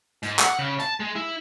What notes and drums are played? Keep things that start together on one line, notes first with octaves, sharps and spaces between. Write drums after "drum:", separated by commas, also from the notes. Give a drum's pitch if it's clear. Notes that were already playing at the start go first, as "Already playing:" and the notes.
G#2, drum: hi-hat
F#5, drum: clap
C#3
A5, drum: hi-hat
G#3
E4